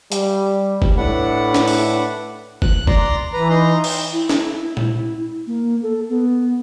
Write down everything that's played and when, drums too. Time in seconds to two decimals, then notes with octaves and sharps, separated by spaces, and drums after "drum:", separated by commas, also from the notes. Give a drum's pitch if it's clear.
0.12 G3, drum: hi-hat
0.82 drum: kick
0.97 A2 D4 B4 F#5
1.54 drum: snare
1.68 drum: open hi-hat
2.62 F#6, drum: kick
2.87 D5 A#5 C6, drum: kick
3.33 E3 B4 A#5
3.50 D#4 A#5 C6
3.84 drum: cymbal
4.12 E4
4.29 drum: snare
4.77 drum: tom A#2
5.47 A#3
5.82 A4
6.09 B3